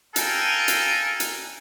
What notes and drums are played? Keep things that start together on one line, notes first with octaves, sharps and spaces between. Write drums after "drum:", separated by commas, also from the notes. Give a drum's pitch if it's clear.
A4 A#4 F5 G5 G#5, drum: hi-hat
drum: hi-hat
drum: hi-hat